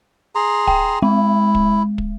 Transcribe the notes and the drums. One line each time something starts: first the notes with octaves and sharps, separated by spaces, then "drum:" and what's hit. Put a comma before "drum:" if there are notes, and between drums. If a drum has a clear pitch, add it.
G#4 A#5 C6
G5, drum: kick
G#3 E4
drum: kick
drum: kick